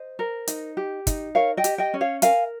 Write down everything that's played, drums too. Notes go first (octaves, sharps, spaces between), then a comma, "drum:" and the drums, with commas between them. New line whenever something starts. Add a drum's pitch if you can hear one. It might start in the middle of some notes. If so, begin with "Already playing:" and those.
Already playing: C5 D#5
A#4
D#4, drum: hi-hat
G4
D#4, drum: kick, hi-hat
A#4 C#5 F5
D#5 G5
G4, drum: hi-hat
D#5 G5
C#4
C#5 F5
A#4 F5 G#5, drum: hi-hat